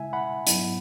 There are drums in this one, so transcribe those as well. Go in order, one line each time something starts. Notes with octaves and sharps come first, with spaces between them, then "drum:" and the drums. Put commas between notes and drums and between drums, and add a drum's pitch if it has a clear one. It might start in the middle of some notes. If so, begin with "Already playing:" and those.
Already playing: C#3 G#3 E4 E5 G#5
F#5 B5
G#2 F#3 B3 E4, drum: hi-hat